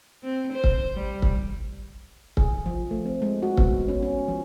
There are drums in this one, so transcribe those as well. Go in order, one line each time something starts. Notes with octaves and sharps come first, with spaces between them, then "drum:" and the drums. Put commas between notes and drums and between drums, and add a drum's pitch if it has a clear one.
C4
C5
drum: kick C#1
G3
drum: kick C#1
G#4, drum: kick C#1
F3
A3
C4
G#3
F#4
B3, drum: kick C#1
C#4
C#4
F3